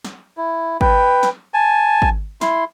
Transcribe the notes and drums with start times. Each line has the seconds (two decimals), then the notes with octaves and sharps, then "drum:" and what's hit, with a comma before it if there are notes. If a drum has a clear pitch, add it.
0.05 drum: snare
0.37 E4
0.81 B4 G5, drum: kick
1.23 drum: snare
1.54 G#5 A5
2.02 drum: kick
2.41 E4 C6, drum: snare